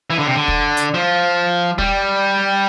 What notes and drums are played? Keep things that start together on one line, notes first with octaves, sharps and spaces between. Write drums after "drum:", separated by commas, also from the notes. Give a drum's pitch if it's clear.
E3
D3
C3
D3
drum: kick
drum: hi-hat
F3
G3, drum: kick